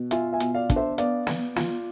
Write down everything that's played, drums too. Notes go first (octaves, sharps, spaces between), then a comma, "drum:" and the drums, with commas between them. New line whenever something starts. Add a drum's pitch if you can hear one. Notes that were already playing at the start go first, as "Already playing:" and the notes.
Already playing: B2
F4 E5 G#5, drum: hi-hat
E5 G#5
B2, drum: hi-hat
D5 F5
D4, drum: kick, hi-hat
C5 E5
B3 D5 F5, drum: hi-hat
B3, drum: snare
F4, drum: snare